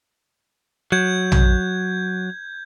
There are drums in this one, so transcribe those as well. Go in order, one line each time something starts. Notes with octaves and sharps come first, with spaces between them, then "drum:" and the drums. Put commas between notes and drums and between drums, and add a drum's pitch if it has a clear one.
F#3 G6 G#6
drum: tom A#1